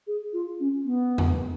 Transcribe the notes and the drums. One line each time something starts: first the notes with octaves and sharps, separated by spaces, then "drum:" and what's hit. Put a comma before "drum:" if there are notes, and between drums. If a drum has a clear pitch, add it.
G#4
F4
C#4
B3
drum: tom E2